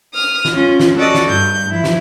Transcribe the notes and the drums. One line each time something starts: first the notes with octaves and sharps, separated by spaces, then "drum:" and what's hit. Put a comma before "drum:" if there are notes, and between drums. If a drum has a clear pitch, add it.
D#6 F6
drum: snare
G#3 C#4 F4
drum: snare
C#4 F#4 A4 D5 D#5
drum: snare
G2 G6
F3 E4
drum: snare